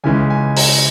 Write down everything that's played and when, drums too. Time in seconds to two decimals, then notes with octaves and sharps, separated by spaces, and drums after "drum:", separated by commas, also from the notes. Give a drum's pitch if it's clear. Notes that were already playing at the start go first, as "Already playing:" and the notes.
0.04 C#2 C#3 E3 G#3 G#5
0.30 G#5
0.57 A#5, drum: open hi-hat